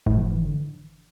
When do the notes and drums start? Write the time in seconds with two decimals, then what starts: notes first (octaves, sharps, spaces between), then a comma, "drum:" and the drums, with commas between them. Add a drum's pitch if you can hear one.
0.06 A2, drum: kick F#1
0.18 F3
0.31 E3
0.42 D3